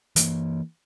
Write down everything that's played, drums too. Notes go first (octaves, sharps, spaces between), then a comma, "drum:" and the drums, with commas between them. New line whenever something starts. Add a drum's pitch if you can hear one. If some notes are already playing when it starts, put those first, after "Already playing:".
E3 A#3, drum: hi-hat